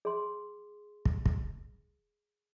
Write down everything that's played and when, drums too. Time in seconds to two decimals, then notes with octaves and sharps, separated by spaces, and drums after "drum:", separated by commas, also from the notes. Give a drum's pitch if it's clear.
0.05 G#4 C6
1.05 drum: kick
1.26 drum: kick